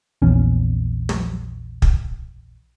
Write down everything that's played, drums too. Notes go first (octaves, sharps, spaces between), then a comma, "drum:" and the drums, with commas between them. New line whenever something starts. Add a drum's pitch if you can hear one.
A#1 E2 C#4
drum: tom
drum: kick